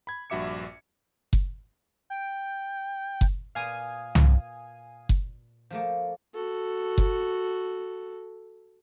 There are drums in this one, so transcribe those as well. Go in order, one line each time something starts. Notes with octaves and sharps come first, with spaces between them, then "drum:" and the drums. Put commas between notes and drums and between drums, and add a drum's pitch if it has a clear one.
B5 G#6
A#1 G2 F#4 E5 D6 C#7
drum: kick F#1
G5
drum: kick F#1
A#2 B4 F5 G#5 D#6
drum: tom C2
drum: kick F#1
F3 A3 A#3
F#4 A4
drum: kick F#1